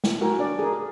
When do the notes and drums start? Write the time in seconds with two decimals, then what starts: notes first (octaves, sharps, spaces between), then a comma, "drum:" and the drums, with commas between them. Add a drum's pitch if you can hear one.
0.04 drum: snare
0.21 F#4 A#4 G5 G#5
0.39 D4 D5
0.59 G#4 A#4
0.73 G#4